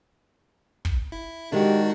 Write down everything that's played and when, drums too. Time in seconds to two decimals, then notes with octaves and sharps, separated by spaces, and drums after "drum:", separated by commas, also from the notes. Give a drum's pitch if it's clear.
0.85 drum: kick
1.12 E4
1.52 D#3 G#3 D4 F#4 G4